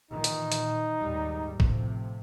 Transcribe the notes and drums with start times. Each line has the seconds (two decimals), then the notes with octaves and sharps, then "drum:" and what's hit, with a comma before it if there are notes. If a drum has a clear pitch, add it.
0.11 A#2 D#3 E3 D#4
0.24 drum: hi-hat
0.52 drum: hi-hat
1.00 D#2 G#2 G3
1.60 A2 C3 F3, drum: kick G#1